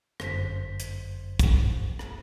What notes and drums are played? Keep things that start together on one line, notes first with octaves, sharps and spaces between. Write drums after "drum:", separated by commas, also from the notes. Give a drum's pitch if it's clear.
G1 F#2 C5 B6, drum: rim click
drum: hi-hat
drum: kick, hi-hat
drum: rim click